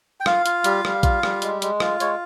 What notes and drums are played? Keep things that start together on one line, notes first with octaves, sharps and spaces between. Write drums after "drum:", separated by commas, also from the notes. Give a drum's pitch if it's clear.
G5
F4 F5, drum: rim click
F4, drum: hi-hat
G3, drum: hi-hat
G3, drum: rim click
F4, drum: kick A#1, hi-hat
G3, drum: rim click
G#3, drum: hi-hat
G#3, drum: hi-hat
F4, drum: rim click
G#3 C#5, drum: hi-hat